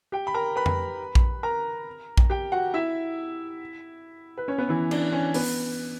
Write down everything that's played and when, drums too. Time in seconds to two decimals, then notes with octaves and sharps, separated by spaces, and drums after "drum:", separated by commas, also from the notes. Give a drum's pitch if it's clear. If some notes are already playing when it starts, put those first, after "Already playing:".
0.12 G4 G5
0.27 B5
0.34 A#4 A#5
0.56 B4 B5
0.66 drum: tom F2
1.15 drum: kick A#1
1.43 A#4 A#5
2.17 drum: kick A#1
2.30 G4 G5
2.52 F#4 F#5
2.74 E4 E5
4.37 B4
4.48 C#4 C#5
4.58 B3 B4
4.69 E3 E4
4.91 D4, drum: cymbal
5.12 C#4
5.34 B3 B4, drum: open hi-hat